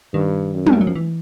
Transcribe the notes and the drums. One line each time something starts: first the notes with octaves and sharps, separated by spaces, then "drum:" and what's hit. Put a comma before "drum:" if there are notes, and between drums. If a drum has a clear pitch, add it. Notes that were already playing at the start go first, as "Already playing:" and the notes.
G2 D#3
F#2
G#3, drum: tom
G3
F#3
F3
E3